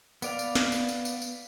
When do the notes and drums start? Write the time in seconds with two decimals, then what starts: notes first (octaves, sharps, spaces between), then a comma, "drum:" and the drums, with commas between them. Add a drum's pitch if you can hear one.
0.22 B3 D5 F5, drum: tambourine
0.39 drum: tambourine
0.55 drum: snare
0.72 drum: tambourine
0.89 drum: tambourine
1.05 drum: tambourine
1.22 drum: tambourine